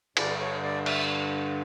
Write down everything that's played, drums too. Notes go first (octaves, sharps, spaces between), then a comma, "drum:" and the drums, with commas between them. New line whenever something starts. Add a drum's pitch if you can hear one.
G2 D3 D5, drum: cymbal
C#5
D5
E5, drum: cymbal